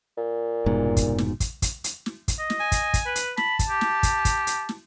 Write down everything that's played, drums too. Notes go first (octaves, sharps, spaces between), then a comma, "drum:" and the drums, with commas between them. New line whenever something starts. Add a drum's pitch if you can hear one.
A#2
F1 G#2 B2
drum: kick, hi-hat
drum: snare
drum: kick, hi-hat
drum: kick, hi-hat
drum: hi-hat
drum: snare
drum: kick, hi-hat
D#5
drum: snare
G#5
drum: kick, hi-hat
drum: kick, hi-hat
B4
drum: hi-hat
A5 B5, drum: snare
drum: kick, hi-hat
G4
drum: snare
drum: kick, hi-hat
drum: kick, hi-hat
drum: hi-hat
drum: snare